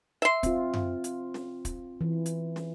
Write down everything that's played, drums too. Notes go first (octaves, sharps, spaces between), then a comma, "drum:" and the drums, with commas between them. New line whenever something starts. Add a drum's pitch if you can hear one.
E5 C6
C4 F4, drum: kick, hi-hat
drum: tom F#2
drum: hi-hat
drum: snare
drum: kick, hi-hat
E3
drum: hi-hat
drum: snare